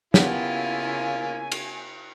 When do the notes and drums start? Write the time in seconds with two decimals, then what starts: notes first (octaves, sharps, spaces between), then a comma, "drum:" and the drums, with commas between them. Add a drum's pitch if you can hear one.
0.14 C#3 A#3 B3 E4 F4 G4 B4 G#5, drum: snare
1.52 drum: cymbal